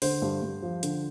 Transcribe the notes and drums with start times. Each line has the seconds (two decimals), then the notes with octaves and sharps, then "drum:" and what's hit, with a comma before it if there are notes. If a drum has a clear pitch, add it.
0.02 D3 C5, drum: open hi-hat
0.22 G2
0.42 G2
0.62 F3
0.83 D3, drum: hi-hat